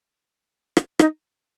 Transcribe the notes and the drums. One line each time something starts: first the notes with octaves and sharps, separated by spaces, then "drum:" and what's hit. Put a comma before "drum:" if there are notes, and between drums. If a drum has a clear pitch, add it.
drum: rim click
D#4, drum: rim click